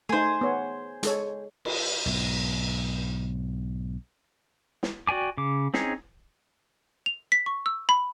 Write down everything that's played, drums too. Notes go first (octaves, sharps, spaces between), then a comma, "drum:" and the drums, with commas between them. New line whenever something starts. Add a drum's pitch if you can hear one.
A3 D#4 G#4 C5
B3 C#5
G#3 A4 C#5, drum: hi-hat
drum: cymbal
B1 G#2
drum: snare
F#4 D5 G5 G#5 D6
C#3 D6
C4 C#4 D#4 G#4, drum: snare
F7
B6
C#6
E6
B5